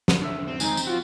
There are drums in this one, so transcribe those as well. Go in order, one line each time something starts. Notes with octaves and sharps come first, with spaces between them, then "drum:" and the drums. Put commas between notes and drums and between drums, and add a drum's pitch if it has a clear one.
drum: snare
D4 A4 E5
C4
D#3 G#3 D#4 G#5, drum: tambourine
drum: tambourine
F4 F#4